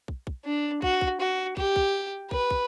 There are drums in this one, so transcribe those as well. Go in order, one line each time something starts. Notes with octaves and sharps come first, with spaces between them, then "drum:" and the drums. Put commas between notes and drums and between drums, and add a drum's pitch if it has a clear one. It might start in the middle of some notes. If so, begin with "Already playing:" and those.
drum: kick
drum: kick
D4
F#4, drum: kick
drum: kick
F#4
G4, drum: kick
drum: kick
B4, drum: kick
drum: kick